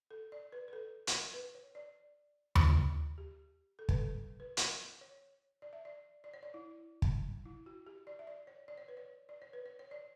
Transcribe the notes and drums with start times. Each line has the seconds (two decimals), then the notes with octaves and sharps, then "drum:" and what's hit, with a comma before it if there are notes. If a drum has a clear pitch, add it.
0.11 A4
0.32 D5
0.52 B4
0.68 B4
0.73 A4
1.07 drum: hi-hat
1.34 B4
1.55 C#5
1.75 D5
2.55 C#5, drum: tom D#2
3.18 G4
3.79 A4
3.89 B4, drum: kick
3.98 A4
4.40 B4
4.57 drum: hi-hat
5.01 C#5
5.62 D5
5.73 E5
5.85 D5
6.24 D5
6.34 C#5
6.43 D5
6.54 E4
7.02 drum: kick
7.45 E4
7.66 F#4
7.87 G4
8.07 D5
8.19 E5
8.27 D5
8.47 C#5
8.68 D5
8.78 C#5
8.88 B4
8.97 C#5
9.29 D5
9.42 C#5
9.53 B4
9.66 C#5
9.79 C#5
9.91 D5